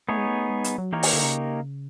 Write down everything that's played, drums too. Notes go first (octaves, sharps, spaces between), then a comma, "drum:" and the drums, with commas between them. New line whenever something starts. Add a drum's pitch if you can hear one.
A3 B3 D#4 G#4 C#5
G#3
A3
G#3
G3, drum: hi-hat
F#3
E3 A#3 D#4 G4 A#4 C#5
D#3, drum: open hi-hat
D3
C#3